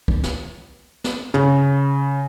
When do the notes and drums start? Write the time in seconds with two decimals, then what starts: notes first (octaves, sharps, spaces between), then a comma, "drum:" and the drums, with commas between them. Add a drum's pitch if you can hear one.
0.08 drum: kick
0.23 drum: snare
1.04 drum: snare
1.34 C#3, drum: tom